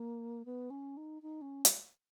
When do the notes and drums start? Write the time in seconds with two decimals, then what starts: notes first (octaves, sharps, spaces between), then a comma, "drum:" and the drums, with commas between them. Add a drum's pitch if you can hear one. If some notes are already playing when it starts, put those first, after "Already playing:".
Already playing: A#3
0.45 B3
0.70 C#4
0.97 D#4
1.22 D#4
1.41 C#4
1.65 drum: hi-hat